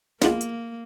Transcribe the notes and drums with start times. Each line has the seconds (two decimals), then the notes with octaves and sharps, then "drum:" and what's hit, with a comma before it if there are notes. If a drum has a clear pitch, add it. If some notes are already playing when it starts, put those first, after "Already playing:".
0.22 F3 G#3 A#3 B3 D4 F4, drum: snare
0.41 drum: hi-hat